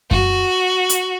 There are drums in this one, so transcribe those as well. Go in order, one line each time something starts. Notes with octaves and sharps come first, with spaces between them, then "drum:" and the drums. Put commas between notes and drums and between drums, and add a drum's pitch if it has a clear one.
F#4, drum: kick F#2
drum: hi-hat